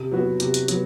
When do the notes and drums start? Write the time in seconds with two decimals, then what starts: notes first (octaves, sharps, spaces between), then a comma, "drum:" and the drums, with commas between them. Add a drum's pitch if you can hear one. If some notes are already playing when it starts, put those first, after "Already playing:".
Already playing: C3
0.12 F#3 B3 F#4
0.40 C3, drum: hi-hat
0.54 drum: hi-hat
0.68 F#3 B3, drum: hi-hat